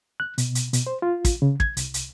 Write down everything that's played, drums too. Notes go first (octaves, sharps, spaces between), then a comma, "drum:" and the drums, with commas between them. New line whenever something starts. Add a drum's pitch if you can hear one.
F#6
B2, drum: hi-hat
drum: hi-hat
B2, drum: hi-hat
C5
F4
drum: kick, hi-hat
C#3
G#6, drum: kick
C2, drum: hi-hat
drum: hi-hat